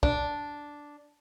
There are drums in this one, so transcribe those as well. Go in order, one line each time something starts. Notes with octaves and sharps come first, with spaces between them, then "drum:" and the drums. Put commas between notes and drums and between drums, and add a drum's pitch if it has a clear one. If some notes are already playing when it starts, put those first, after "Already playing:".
D4, drum: kick